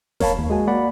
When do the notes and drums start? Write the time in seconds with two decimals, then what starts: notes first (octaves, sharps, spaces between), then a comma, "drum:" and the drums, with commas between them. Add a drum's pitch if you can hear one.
0.20 A#4 C#5 F5 A5 B5, drum: snare F1
0.38 D#2
0.50 G#3 F#4 G#5
0.68 A#3 D5 F#5 B5